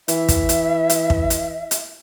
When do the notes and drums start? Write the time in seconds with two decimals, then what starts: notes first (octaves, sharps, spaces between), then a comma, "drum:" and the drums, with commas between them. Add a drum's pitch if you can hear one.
0.08 E3 E5, drum: hi-hat
0.28 drum: kick, hi-hat
0.49 drum: hi-hat
0.90 drum: hi-hat
1.10 drum: kick
1.30 drum: hi-hat
1.71 drum: hi-hat